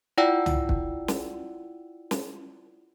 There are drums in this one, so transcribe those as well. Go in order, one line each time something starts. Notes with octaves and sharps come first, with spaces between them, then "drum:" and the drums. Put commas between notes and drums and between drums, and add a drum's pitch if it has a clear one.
E4 F4 D5 F#5 G5 E6
drum: tom
drum: kick
drum: snare
drum: snare